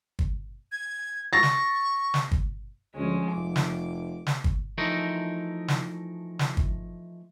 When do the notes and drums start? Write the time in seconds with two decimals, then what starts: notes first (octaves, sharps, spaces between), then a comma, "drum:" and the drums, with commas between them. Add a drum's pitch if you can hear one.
0.19 drum: kick
0.72 G#6
1.33 C#6 A6 A#6
1.43 drum: snare
2.14 drum: snare
2.31 drum: kick
2.95 D2 F3 G#3 C#4
3.33 F1 D6
3.56 drum: snare
4.27 drum: snare
4.44 drum: kick
4.78 E3 F3 A3 D#4 A#4
5.68 drum: snare
6.39 drum: snare
6.57 drum: kick